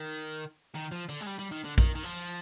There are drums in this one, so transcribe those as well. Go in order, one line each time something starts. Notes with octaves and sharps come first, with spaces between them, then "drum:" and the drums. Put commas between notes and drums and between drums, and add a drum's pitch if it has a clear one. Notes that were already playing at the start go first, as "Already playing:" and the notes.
Already playing: D#3
D#3
F3
D3
G#3
G3
G3
D#3
D3
D#3, drum: kick A#1
D#3
F3